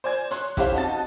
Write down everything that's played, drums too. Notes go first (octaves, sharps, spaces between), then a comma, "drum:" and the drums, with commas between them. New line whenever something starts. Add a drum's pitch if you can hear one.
C5 D5 G#5 G#6
C#5 C6 F#6, drum: hi-hat
E4 G4 A4 C5 C#5 F5, drum: kick, hi-hat
F2 D#4 F#4 F#5 A5 A6